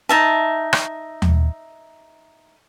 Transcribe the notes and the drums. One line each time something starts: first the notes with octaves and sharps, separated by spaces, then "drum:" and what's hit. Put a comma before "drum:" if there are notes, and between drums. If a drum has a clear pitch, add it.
D#4 E5 A5
drum: rim click
drum: tom D#2